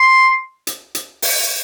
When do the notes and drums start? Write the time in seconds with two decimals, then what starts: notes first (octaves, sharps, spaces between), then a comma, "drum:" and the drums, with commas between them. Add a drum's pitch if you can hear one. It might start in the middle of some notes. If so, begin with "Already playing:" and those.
Already playing: C6
0.67 drum: hi-hat
0.95 drum: hi-hat
1.22 drum: open hi-hat